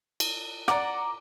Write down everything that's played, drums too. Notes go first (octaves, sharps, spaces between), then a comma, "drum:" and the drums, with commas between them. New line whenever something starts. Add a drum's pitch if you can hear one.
drum: cymbal
D5 F#5 A#5 D6, drum: rim click